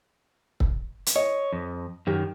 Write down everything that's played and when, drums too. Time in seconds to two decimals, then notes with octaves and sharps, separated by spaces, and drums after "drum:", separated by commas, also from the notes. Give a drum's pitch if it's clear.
0.60 drum: kick
1.06 drum: hi-hat
1.16 C#5 D#5
1.53 F2
2.07 F#2 D#3 G4